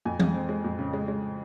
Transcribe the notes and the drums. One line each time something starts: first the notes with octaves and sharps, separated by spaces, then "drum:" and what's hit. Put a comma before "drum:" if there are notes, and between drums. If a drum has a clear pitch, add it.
F2 G#5
G#3, drum: tom E3
C4
G#3
F2
C#3
G#3
G#3